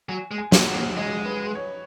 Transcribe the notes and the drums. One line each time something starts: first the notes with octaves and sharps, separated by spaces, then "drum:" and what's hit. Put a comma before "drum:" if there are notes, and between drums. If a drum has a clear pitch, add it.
F#3 G#5
G#3
G#5
A#3, drum: snare
F#5
A#3
G#3 D#5
B4
C#5